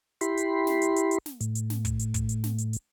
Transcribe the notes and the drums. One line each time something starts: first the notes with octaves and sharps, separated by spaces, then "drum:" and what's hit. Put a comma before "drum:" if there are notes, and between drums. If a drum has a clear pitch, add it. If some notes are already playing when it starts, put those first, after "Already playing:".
E4 G4 B5 C6, drum: hi-hat
drum: hi-hat
drum: snare
drum: hi-hat
drum: hi-hat
drum: hi-hat
drum: snare
A2, drum: hi-hat
drum: hi-hat
drum: snare
drum: kick, hi-hat
drum: hi-hat
drum: kick, hi-hat
drum: hi-hat
drum: snare
drum: hi-hat
drum: hi-hat